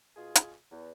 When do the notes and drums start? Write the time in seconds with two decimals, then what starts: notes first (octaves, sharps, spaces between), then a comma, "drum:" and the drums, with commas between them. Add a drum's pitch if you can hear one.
0.16 B2 F4 G#4
0.35 drum: hi-hat
0.71 E2